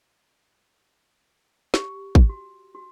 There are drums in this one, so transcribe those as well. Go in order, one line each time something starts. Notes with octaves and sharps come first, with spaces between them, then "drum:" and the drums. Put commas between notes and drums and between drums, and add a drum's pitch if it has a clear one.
G4, drum: snare
drum: kick
F#4
F#4